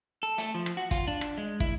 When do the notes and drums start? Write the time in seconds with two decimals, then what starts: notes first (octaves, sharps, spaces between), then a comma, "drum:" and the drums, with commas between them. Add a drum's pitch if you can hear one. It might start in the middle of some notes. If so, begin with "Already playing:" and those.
0.23 A4
0.38 A3, drum: hi-hat
0.54 F3
0.66 drum: rim click
0.77 F#4
0.91 F4, drum: kick, hi-hat
1.08 D4
1.21 drum: rim click
1.38 G#3
1.60 E4, drum: kick